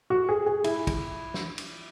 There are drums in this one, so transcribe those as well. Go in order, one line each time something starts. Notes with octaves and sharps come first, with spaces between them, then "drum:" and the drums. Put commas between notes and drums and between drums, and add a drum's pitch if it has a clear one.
F#4
G#4
G#4
E4, drum: cymbal
drum: kick, cymbal
drum: snare
drum: cymbal